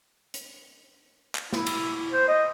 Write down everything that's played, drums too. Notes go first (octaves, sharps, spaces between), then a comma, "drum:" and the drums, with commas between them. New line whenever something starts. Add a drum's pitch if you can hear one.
drum: hi-hat
drum: clap
E4, drum: snare
drum: cymbal
C5
D#5